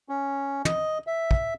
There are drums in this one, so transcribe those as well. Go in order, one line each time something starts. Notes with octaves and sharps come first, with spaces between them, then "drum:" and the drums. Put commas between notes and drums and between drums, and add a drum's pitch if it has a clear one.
C#4
D#5, drum: tom
E5
drum: kick